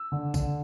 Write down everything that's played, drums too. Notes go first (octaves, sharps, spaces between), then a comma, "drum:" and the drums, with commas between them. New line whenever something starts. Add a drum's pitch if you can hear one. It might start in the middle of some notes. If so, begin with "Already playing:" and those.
Already playing: E6
D3
D3, drum: kick A#1, tambourine